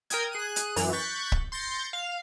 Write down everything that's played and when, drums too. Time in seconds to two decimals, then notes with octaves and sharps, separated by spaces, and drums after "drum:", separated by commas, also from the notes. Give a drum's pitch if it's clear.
0.10 A#4 G5 D#6 G#6, drum: hi-hat
0.31 G#4 F#6 D#7
0.56 drum: hi-hat
0.76 F#2 E3, drum: open hi-hat
0.93 C#6 F#6 G6 A6 B6
1.32 drum: kick C#1
1.52 C6 G6 A6 A#6 C#7
1.93 F5